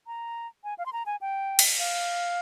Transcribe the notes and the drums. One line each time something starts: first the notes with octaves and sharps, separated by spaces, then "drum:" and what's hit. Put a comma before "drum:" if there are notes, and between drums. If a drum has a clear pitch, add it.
A#5
G#5
F5
C6
A#5
G#5
G5
drum: cymbal
F5